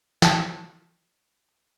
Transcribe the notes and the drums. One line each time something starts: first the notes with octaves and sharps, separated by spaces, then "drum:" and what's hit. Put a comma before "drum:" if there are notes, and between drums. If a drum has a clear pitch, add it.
G5 A5, drum: snare